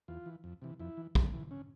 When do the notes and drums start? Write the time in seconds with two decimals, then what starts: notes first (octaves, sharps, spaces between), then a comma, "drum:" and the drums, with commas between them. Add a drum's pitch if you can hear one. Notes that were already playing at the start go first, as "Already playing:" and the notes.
0.08 E2 F4
0.26 E3
0.44 F2
0.62 C3 E3
0.79 F2 E4
0.97 E3
1.15 G2, drum: kick
1.33 E3
1.51 C#4